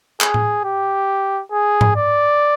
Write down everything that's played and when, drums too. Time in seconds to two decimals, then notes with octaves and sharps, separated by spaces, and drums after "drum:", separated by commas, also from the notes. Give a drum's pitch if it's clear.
0.21 G#4, drum: clap
0.34 drum: tom A2
0.64 G4
1.52 G#4
1.81 drum: tom G#2
1.96 D5